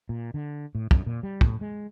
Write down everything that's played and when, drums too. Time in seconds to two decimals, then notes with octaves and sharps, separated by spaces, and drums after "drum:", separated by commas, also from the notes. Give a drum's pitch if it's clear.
0.09 A#2
0.34 D3
0.75 A2
0.91 F#2, drum: kick
1.06 A#2
1.23 G3
1.41 A2, drum: kick
1.61 G#3